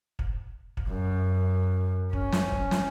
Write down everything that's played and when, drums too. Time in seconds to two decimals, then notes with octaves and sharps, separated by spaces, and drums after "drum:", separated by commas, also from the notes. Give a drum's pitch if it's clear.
0.19 drum: kick
0.77 drum: kick
0.89 F#2
2.13 C#4, drum: kick
2.32 drum: snare
2.52 drum: kick
2.71 drum: snare